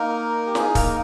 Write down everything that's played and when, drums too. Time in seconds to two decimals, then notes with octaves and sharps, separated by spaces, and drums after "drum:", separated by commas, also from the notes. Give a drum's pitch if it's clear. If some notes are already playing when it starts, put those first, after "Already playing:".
Already playing: A#3 D#4 A#4
0.46 G4
0.55 G#4, drum: snare
0.75 A#3 A#4, drum: kick, open hi-hat